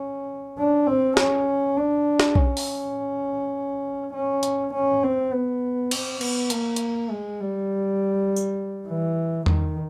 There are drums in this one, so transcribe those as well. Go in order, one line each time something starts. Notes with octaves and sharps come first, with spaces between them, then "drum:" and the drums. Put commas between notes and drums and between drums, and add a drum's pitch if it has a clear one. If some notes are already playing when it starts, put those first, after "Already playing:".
Already playing: C#4
D4
C4
C#4, drum: snare
D4
drum: snare
C#4, drum: kick B1
drum: open hi-hat
C#4
drum: hi-hat
C#4
C4
B3
C4, drum: cymbal
B3, drum: cymbal
A#3, drum: hi-hat
drum: hi-hat
G#3
G3
drum: tambourine
E3
D#3, drum: tom E2